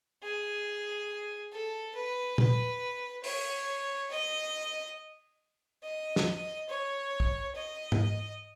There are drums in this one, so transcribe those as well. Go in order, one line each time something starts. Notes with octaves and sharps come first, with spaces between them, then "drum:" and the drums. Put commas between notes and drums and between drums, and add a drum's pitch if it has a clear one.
G#4
A4
B4
B4, drum: tom A#2
C#5, drum: open hi-hat
D#5
D#5
drum: snare
C#5
drum: kick
D#5
drum: tom G#2